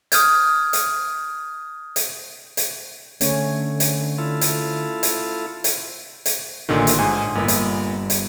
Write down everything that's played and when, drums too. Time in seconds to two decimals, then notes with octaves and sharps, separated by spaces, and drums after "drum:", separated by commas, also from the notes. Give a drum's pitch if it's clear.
0.12 D#6 F6 G6 G#6, drum: hi-hat
0.73 drum: hi-hat
1.96 drum: hi-hat
2.57 drum: hi-hat
3.21 D3 A3 C#4 C#5, drum: hi-hat
3.80 drum: hi-hat
4.18 E4 F4 A4
4.41 drum: hi-hat
5.03 drum: hi-hat
5.64 drum: hi-hat
6.26 drum: hi-hat
6.69 A1 A#2 D3 D#3 C6
6.87 drum: hi-hat
6.99 G#2 G#5 D#6
7.35 G1 A#2 B3 B5
7.48 drum: hi-hat
8.10 drum: hi-hat